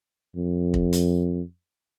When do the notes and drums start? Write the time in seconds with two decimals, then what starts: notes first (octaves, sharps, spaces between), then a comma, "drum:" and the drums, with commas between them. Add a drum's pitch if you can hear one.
0.36 F2
0.74 drum: kick
0.93 drum: hi-hat